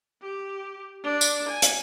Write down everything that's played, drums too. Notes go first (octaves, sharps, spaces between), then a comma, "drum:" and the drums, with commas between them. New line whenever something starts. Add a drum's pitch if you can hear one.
G4
D4
drum: tambourine
G#5
drum: hi-hat